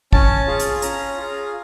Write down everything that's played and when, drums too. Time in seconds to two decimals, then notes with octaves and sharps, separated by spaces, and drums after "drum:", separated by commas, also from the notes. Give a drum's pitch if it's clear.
0.13 C#4 A5, drum: kick
0.47 F4 G#4
0.60 drum: hi-hat
0.82 C#4 A#5, drum: hi-hat
1.17 F4 G#4